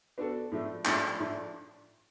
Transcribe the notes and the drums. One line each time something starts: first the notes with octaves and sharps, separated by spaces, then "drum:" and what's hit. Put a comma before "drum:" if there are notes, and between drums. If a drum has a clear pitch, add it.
B3 D4 F#4 A4
A2 F3 A3 D4
A2 F3 A3 D4, drum: clap
A2 F3 A3 D4